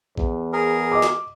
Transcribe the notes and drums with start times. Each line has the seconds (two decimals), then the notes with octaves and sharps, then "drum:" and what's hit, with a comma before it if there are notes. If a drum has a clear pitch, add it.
0.18 E2, drum: kick A#1
0.53 G#4 A#4
0.92 D#5 D6
1.02 drum: snare